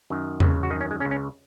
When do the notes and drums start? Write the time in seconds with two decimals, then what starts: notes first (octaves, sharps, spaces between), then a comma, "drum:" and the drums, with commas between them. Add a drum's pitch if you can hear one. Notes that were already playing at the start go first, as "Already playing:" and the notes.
0.10 F#2 D#3
0.40 C#2 C#3, drum: tom E2
0.63 F#4
0.70 F#2 D#3 D#4
0.81 C#4
0.91 G#3
1.00 C#2 C#3 C#4
1.11 C#4